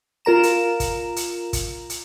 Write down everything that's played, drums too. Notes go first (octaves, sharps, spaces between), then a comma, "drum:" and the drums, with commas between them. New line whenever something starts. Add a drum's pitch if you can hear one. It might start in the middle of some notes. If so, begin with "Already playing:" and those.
F4 A#4 A#5 E7
drum: hi-hat
drum: kick, hi-hat
drum: hi-hat
drum: kick, hi-hat
drum: hi-hat